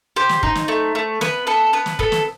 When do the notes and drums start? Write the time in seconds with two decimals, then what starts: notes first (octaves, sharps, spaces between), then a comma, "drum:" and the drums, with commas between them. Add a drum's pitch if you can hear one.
0.16 G4 C5
0.29 drum: snare
0.43 D#4, drum: kick
0.55 drum: snare
0.68 A3
0.95 A3
1.21 B3 B4, drum: snare
1.47 B3 A4
1.73 B3 B4
1.86 drum: snare
1.99 B3 A4, drum: kick
2.12 drum: snare